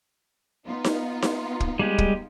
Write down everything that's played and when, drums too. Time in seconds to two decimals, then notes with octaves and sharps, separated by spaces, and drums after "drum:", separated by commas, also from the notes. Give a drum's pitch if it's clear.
0.67 B3 D#4 F4
0.84 drum: snare D#4
1.22 drum: snare D#4
1.60 drum: kick
1.79 G3 G#3 G4
1.98 drum: kick